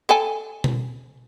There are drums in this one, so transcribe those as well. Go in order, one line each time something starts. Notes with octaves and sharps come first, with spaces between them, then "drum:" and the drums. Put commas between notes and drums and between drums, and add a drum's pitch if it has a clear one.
A4 G5 G#5
drum: tom B2